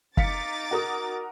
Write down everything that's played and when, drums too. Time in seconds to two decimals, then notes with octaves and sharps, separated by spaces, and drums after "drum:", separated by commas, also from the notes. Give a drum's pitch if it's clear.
0.17 D#4 F5 D6 A6 B6 C#7, drum: kick
0.71 F#4 A#4 D#6